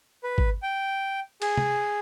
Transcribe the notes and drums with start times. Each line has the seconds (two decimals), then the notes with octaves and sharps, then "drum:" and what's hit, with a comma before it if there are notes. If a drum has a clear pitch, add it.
0.24 B4
0.38 drum: kick
0.63 G5
1.42 G#4, drum: cymbal
1.57 drum: tom C3